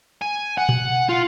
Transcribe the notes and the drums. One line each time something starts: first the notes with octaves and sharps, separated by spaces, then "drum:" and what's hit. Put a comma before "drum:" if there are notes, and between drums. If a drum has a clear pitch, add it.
G#5
F#5
drum: tom A#2
F4